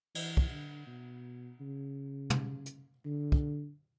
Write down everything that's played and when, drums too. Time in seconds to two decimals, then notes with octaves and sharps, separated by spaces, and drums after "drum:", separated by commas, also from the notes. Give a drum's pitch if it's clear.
0.15 E3, drum: cymbal
0.37 drum: kick
0.51 D3
0.87 B2
1.61 C#3
2.30 drum: tom
2.66 drum: hi-hat
3.06 D3
3.32 drum: kick